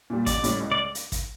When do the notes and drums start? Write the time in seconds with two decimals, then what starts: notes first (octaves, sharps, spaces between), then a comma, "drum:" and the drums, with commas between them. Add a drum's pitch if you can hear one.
0.10 A#2 G3
0.26 A1 D5, drum: kick, hi-hat
0.44 A2 G3 C#4, drum: hi-hat
0.60 C#2
0.72 D5
0.95 drum: hi-hat
1.12 drum: kick, hi-hat